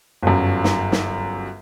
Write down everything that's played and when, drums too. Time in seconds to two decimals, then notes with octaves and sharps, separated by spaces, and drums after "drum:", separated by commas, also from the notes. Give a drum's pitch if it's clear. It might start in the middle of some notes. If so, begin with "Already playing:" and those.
0.23 G1 F#2
0.64 drum: snare
0.92 drum: snare